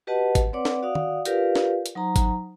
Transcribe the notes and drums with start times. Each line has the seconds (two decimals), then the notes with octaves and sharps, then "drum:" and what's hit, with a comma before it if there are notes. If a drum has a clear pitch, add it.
0.07 F#4 G4 B4 D#5 F#5 A5
0.35 drum: kick G#1, hi-hat
0.53 C4 B4 C#5 D5 F#5 D6
0.65 drum: snare
0.82 F#4 D5 F5 F#5 D#6
0.95 drum: tom D#3
1.25 F4 G4 A#4 B4 D5 F5, drum: hi-hat
1.56 drum: snare
1.86 drum: hi-hat
1.95 F#3 D#4 C5 A#5
2.16 drum: kick G#1, hi-hat